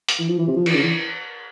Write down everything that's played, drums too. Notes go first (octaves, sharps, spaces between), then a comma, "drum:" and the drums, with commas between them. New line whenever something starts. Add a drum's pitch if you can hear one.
drum: hi-hat
E3
F3
E3
C3
F3
E3, drum: cymbal
C#3
E3